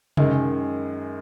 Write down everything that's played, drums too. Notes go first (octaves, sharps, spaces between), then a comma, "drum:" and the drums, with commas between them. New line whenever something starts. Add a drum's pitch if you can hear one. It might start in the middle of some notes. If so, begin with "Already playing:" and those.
F#2 D#3 G#3, drum: tom C3